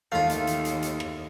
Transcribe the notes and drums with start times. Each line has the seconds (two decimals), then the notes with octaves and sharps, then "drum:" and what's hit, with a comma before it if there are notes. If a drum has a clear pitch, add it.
0.12 D#2 A3 F4 F5
0.30 drum: hi-hat
0.47 drum: hi-hat
0.65 drum: hi-hat
0.82 drum: hi-hat
1.00 drum: rim click